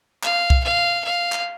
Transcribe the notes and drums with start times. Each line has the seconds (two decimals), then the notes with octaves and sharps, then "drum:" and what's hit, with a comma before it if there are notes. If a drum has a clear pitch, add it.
0.23 F5, drum: clap
0.50 drum: kick C2
0.63 F5
1.04 F5
1.32 drum: clap